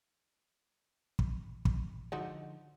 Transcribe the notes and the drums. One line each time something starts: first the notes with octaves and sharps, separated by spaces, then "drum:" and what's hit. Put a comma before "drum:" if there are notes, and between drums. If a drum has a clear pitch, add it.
drum: kick
drum: kick
D3 F3 G#3 D#4 F#4